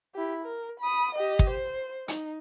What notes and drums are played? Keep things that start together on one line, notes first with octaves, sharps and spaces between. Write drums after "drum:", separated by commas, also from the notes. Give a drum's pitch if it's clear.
E4 G4
A#4
B5 D#6
G4 D#5
drum: kick
C5
D#4, drum: hi-hat